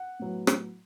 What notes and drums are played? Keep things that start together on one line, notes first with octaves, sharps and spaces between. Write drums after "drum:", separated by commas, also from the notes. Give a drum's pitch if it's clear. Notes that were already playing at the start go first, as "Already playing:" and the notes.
Already playing: F#5
A2 F#3 B3
drum: rim click